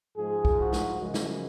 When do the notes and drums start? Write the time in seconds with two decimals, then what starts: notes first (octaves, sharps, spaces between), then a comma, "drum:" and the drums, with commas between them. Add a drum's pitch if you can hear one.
0.17 G#2 F3 G#3 G#4
0.45 drum: kick
0.58 F#4
0.72 drum: snare
1.00 F#2 C#3 F3 G#3
1.14 drum: snare